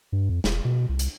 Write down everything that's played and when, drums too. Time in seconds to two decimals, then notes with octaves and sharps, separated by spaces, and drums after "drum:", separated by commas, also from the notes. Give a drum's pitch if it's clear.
0.12 G2
0.29 F2
0.44 E1, drum: snare
0.65 B2
0.89 C2
0.99 drum: hi-hat